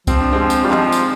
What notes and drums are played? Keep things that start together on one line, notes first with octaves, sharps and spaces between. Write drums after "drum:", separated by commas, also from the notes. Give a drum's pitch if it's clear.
F3 C4, drum: kick C2, tambourine
D4
G#3 C4
F3
drum: tambourine
G3 F4
F3 C4 D#4, drum: clap
drum: tambourine